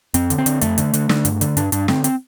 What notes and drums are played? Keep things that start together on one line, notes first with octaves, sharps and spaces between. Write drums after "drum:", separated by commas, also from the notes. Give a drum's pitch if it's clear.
F2 C4, drum: hi-hat
D3, drum: hi-hat
C4
D3, drum: hi-hat
F2 A3, drum: hi-hat
D3, drum: hi-hat
D3, drum: hi-hat
D3, drum: snare
G2, drum: hi-hat
D3, drum: hi-hat
G2 D4, drum: hi-hat
G2 D4, drum: hi-hat
D3 C4, drum: snare
C4, drum: hi-hat